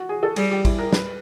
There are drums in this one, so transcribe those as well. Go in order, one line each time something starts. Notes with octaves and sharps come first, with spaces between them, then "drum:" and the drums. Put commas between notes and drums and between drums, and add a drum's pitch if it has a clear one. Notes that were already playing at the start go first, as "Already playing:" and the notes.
Already playing: F#4
G#4
A4
G3 G#4, drum: cymbal
G4
E4, drum: kick, cymbal
A#4
B4, drum: snare